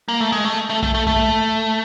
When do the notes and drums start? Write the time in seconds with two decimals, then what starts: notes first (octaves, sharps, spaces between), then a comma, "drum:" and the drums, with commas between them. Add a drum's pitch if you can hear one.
0.08 A#3
0.20 A3
0.32 G#3
0.45 A3
0.69 A3
0.83 A3, drum: kick A#1
0.94 A3
1.07 A3, drum: kick A#1